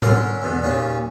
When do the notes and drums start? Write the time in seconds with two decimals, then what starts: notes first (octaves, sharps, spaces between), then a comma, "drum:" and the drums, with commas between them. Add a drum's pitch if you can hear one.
0.02 F#2 D3 C#4 A#4 C6, drum: tom G#2
0.42 E2 B2 D3
0.62 D#2 A#2 C#3 C#4